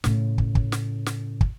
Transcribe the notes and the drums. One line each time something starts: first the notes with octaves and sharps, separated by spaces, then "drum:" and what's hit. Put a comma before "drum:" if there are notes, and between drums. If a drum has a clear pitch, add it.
A2 C#3, drum: snare
drum: kick
drum: kick
drum: snare
drum: snare
drum: kick